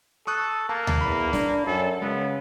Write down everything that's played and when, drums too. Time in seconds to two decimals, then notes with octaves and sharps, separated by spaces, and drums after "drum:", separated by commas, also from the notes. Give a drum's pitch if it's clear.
0.27 A4 C#6 D#6 F#6
0.69 A#3 A5
0.87 drum: tom D2
1.01 E2 B5
1.33 D4, drum: snare
1.67 F#2 A4
2.02 C#3 G#3 B3